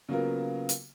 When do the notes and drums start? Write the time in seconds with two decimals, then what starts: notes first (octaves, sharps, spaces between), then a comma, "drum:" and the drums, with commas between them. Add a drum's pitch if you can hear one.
0.09 C#3 F#3 A#3 B3 F4 A#4
0.69 drum: hi-hat